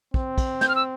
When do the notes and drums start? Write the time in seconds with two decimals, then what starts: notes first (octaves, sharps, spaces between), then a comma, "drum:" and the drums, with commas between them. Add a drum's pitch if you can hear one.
0.14 C4, drum: kick
0.38 drum: kick, cymbal
0.61 G6, drum: snare
0.68 F6
0.75 E6